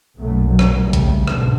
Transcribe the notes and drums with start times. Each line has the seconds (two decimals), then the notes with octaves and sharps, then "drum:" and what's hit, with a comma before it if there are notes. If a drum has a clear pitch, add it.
0.16 B1 F#2 A#2 F#3 A3
0.48 F#2 A#2 D#3 F#3
0.59 drum: rim click
0.81 D#2 C#3 G3 A3
0.93 drum: kick A#1, hi-hat
1.28 C#2 G#2 B2 D3, drum: rim click